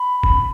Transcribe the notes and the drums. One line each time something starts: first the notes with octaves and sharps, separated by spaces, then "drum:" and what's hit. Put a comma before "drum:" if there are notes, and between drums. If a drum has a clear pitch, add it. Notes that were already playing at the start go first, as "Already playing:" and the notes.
Already playing: B5
drum: kick